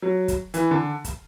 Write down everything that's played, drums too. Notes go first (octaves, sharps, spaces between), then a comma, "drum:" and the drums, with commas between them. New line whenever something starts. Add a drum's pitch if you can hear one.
F#3
drum: kick, hi-hat
E3, drum: hi-hat
D3
drum: kick, hi-hat